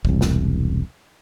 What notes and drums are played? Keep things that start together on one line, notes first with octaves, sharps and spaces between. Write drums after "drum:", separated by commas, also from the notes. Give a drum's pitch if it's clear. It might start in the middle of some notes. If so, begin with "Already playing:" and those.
E1 C2, drum: kick
drum: snare